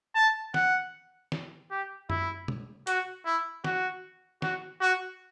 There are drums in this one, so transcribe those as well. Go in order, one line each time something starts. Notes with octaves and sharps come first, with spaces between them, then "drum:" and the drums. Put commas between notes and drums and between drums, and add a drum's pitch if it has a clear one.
A5
F#5, drum: snare
drum: snare
G4
E4, drum: tom F#2
drum: tom B2
F#4, drum: hi-hat
E4
F#4, drum: snare
F#4, drum: snare
F#4